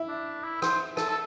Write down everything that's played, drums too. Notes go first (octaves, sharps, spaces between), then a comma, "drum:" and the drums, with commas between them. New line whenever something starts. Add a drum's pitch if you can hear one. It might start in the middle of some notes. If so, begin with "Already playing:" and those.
Already playing: E4
D4
E4
C5, drum: rim click
A4, drum: rim click
A4